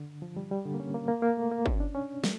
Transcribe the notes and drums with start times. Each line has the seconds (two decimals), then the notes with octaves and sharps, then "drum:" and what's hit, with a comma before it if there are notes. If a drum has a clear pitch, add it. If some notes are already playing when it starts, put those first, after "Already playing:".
Already playing: D3
0.22 F3
0.37 G3
0.51 G3
0.65 D3
0.74 A#3
0.80 C#4
0.94 A#3
1.08 A#3
1.22 A#3
1.37 A3
1.51 A#3
1.66 C#4, drum: kick
1.80 D4
1.95 C#4
2.24 A3, drum: snare